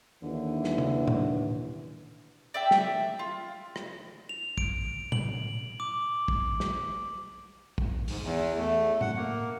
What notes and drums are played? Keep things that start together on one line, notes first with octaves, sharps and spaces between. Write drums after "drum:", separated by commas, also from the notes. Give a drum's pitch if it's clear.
D#2 D3 E3
drum: snare
drum: tom C3
drum: tom A2
D5 E5 G5
drum: snare
F4
drum: rim click
F7
D7, drum: kick
F#7, drum: tom A2
D6
drum: kick
drum: snare
drum: kick
G#2, drum: open hi-hat
E2
A3
F#5, drum: tom A2
A#3